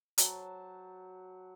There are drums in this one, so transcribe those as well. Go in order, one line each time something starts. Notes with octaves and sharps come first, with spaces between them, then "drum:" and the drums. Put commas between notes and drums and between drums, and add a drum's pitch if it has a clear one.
F#3 C5 A5, drum: hi-hat